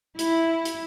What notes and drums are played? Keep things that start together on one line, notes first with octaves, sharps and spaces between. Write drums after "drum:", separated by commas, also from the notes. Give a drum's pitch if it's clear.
E4, drum: hi-hat
drum: hi-hat